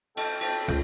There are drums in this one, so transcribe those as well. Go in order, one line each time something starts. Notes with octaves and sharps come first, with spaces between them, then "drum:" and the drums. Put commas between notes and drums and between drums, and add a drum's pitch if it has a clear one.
A4 G5, drum: cymbal
drum: cymbal
C#2